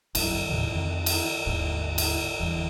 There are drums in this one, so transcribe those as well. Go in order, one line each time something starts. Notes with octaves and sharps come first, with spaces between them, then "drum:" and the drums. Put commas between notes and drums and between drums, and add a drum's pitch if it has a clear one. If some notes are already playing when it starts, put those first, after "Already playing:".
G1 C2 F#2, drum: cymbal
D#2 A2 C3 D#3
F2 D#3
drum: cymbal
G1 D#2 G#2
drum: cymbal
G1 E2